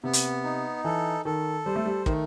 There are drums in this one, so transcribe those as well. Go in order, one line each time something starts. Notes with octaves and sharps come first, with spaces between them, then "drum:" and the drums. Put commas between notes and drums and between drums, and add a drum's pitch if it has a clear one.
C3 B3
drum: hi-hat
D#4
E3 A4
D#3 A4
G3 C5
A3
G3
D#3 A3, drum: kick